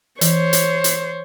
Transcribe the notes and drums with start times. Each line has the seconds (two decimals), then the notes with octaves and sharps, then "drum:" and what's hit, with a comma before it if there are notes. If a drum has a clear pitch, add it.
0.21 E3 C5 C#5, drum: hi-hat
0.53 drum: hi-hat
0.84 drum: hi-hat